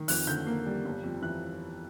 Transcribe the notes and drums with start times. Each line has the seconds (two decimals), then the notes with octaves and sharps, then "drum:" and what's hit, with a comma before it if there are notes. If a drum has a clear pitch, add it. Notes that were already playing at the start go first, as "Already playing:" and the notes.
Already playing: D#3
0.08 F2 F#6, drum: open hi-hat
0.27 D3 G6
0.46 A#3
0.66 G3
0.84 G1
1.03 F2
1.22 E3 F#6